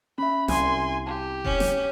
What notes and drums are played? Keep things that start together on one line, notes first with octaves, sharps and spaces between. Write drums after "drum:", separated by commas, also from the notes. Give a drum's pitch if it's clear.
C#4 E5 B5
C2 G#5 C6, drum: snare
G4 A5
C#4, drum: kick E1
drum: snare